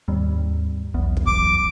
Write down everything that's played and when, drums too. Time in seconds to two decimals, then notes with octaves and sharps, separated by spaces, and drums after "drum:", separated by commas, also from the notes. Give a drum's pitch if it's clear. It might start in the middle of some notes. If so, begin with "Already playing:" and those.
0.08 D#2 G#2 G3 C4
0.94 B1 E2 B3
1.17 drum: kick
1.27 F#2 E3 F#3 D6